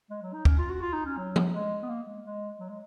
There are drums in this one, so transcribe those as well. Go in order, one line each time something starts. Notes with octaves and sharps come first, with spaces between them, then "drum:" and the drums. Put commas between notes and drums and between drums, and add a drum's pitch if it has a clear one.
G#3
F#3
D#4
C#4, drum: kick
F4
F#4
F4
D#4
C#4
F#3
drum: tom F3
G#3
B3
A#3
G#3
G#3
F#3
G#3